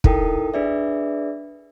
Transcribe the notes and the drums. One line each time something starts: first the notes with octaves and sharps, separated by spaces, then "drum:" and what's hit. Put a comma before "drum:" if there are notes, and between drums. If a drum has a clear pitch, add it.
D#4 E4 A4 A#4 G5 D#6, drum: kick
D4 G#4 B4 D5 E5